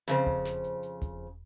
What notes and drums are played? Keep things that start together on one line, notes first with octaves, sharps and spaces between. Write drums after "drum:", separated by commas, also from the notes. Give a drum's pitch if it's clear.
F2 C#3 C5, drum: snare
drum: kick E1
drum: snare
drum: hi-hat
drum: hi-hat
drum: kick E1, hi-hat